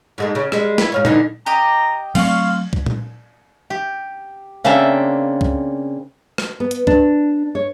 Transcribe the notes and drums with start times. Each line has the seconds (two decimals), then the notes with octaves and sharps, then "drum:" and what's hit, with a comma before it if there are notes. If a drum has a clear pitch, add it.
0.18 G#2 G#3 A3
0.35 C#3
0.52 G3 G#3, drum: rim click
0.78 E4 B4, drum: snare
0.92 G#2 F4 C#5
1.05 D3 E3 D#4, drum: tom A#2
1.46 G4 D#5 A#5
2.15 F#3 A3 C4 F4 F5 C#6, drum: cymbal
2.73 drum: kick C2
2.86 drum: tom A#2
3.70 G4
4.64 C#3 A#3 C4 D4 E5 A5
5.41 drum: kick C2
6.38 drum: rim click
6.60 B3
6.71 drum: hi-hat
6.87 D4, drum: kick C2
7.55 C#5